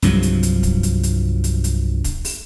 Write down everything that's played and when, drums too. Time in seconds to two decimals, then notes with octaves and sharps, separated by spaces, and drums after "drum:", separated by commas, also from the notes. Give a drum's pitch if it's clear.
0.02 C2 G2 F3 F#3, drum: hi-hat
0.23 drum: hi-hat
0.43 drum: hi-hat
0.63 drum: kick, hi-hat
0.83 drum: hi-hat
1.03 drum: hi-hat
1.44 drum: hi-hat
1.64 drum: hi-hat
2.04 drum: kick, hi-hat
2.25 drum: open hi-hat